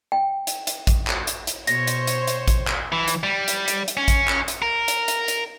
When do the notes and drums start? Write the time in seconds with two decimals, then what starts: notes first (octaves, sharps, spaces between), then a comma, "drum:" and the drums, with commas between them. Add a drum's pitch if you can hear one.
0.12 G5
0.47 drum: hi-hat
0.67 drum: hi-hat
0.87 drum: kick A1, hi-hat
1.07 drum: clap
1.27 drum: hi-hat
1.47 drum: hi-hat
1.67 B2 C5 C#5 A#6, drum: hi-hat
1.87 drum: hi-hat
2.07 drum: hi-hat
2.27 drum: hi-hat
2.48 drum: kick A1, hi-hat
2.68 drum: clap
2.92 E3
3.08 drum: hi-hat
3.23 G3
3.48 drum: hi-hat
3.68 drum: hi-hat
3.88 drum: hi-hat
3.97 C#4
4.08 drum: kick A1, hi-hat
4.28 drum: clap
4.48 drum: hi-hat
4.62 A#4
4.88 drum: hi-hat
5.08 drum: hi-hat
5.28 drum: hi-hat